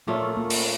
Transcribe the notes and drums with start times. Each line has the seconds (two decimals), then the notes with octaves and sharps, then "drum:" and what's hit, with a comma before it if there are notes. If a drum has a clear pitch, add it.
0.07 A#2 A3 A#3 C#4 F4
0.37 A#3
0.50 drum: open hi-hat